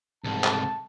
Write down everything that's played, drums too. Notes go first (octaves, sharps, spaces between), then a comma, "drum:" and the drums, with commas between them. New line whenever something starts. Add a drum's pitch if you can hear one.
C2 G#2 A5
drum: clap